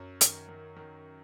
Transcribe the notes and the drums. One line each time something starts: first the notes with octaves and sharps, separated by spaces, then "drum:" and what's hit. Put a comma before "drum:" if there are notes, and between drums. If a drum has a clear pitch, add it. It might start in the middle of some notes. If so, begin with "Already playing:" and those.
Already playing: F#2 F#3
D#3, drum: hi-hat
D#3
D#3